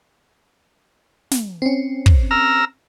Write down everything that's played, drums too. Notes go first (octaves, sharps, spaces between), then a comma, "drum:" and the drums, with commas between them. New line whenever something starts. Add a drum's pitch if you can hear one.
drum: snare
C4 C#4
drum: kick
A#5 E6 F6